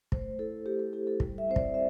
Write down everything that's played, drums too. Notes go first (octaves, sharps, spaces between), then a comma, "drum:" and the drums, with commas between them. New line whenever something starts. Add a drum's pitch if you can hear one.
A3 C5, drum: kick
E4 A4
A3 G4
A4
E4 G4
A4
G3, drum: kick
E5
C4 E4 C5
D5, drum: kick
E5